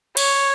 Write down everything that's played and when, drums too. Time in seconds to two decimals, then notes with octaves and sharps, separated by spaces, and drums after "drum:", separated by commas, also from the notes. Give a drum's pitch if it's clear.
0.17 C#5, drum: cymbal